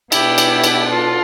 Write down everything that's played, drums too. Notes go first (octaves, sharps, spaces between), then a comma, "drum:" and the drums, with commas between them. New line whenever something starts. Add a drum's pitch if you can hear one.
B2 B3 D4 E4 G4, drum: cymbal
drum: cymbal
drum: cymbal
F4 A4